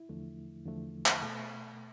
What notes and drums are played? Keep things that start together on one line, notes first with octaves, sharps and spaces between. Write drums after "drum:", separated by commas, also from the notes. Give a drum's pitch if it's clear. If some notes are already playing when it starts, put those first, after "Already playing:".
Already playing: E4
E2 D3 F3 A3
E2 D3 F3 A3
drum: clap
B2 A3